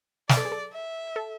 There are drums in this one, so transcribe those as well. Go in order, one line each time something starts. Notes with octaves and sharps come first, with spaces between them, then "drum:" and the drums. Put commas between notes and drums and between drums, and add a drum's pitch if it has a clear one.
B4 D5, drum: snare
A4
G#4
A4
E5
A4